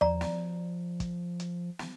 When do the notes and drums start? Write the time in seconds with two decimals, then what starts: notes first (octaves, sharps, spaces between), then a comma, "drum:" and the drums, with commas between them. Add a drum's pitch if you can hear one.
0.01 F3 D5 A#5, drum: tom E2
0.21 drum: snare
1.00 drum: kick, hi-hat
1.40 drum: hi-hat
1.79 drum: snare